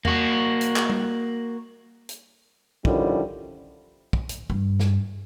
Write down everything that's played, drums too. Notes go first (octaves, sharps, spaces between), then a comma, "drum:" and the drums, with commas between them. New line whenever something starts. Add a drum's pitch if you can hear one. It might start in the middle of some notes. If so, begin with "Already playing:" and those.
A#3 F#4, drum: tom E2
drum: hi-hat
drum: clap
drum: tom
drum: hi-hat
D3 D#3 F3 G3 C#4 E4, drum: kick
drum: kick
drum: hi-hat
G2
drum: snare